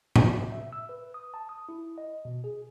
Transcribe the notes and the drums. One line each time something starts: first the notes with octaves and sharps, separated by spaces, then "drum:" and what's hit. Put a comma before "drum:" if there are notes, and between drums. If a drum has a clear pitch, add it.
F#4, drum: tom
C3
E5
E6
B4
D#6
A5
D#6
E4
D#5
B2
G#4